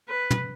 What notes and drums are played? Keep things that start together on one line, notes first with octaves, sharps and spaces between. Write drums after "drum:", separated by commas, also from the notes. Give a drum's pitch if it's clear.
B4
drum: tom